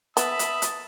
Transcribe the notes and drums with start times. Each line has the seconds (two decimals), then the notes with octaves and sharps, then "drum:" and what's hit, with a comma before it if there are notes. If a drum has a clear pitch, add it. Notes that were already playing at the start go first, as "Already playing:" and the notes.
0.17 B3 E5 A5 B5 D#6, drum: hi-hat
0.39 drum: hi-hat
0.62 drum: hi-hat